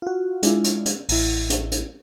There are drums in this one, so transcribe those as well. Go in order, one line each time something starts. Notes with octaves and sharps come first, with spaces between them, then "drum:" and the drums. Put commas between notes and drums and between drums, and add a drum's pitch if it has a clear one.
F4 F#4
G#3 D4 E4 F4, drum: hi-hat
drum: hi-hat
drum: hi-hat
A1 E4, drum: open hi-hat
drum: hi-hat
drum: hi-hat